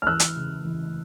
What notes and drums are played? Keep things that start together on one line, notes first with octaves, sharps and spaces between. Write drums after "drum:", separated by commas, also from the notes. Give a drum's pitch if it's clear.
F6
E3 E6 F#6
drum: hi-hat
C#3
E3